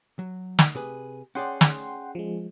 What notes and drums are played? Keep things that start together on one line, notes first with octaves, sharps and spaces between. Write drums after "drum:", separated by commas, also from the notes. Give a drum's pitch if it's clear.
F#3
drum: snare
C3 G#4 B4
C#4 G#4 D5 F#5 G5 C6
drum: snare
F3 G#3